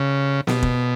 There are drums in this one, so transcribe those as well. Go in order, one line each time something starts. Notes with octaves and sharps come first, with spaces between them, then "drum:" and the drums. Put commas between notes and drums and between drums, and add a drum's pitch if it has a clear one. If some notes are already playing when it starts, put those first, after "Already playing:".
Already playing: C#3
B2, drum: snare
drum: kick F1